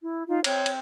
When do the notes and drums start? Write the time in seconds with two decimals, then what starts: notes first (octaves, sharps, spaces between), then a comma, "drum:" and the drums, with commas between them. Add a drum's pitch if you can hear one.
0.02 E4
0.28 D#4 F4
0.44 C4 C#5, drum: cymbal
0.66 drum: cymbal